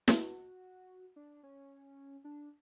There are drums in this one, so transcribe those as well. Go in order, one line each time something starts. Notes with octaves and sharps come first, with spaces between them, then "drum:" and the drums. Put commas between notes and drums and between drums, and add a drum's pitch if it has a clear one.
F#4, drum: snare
D4
C#4
D4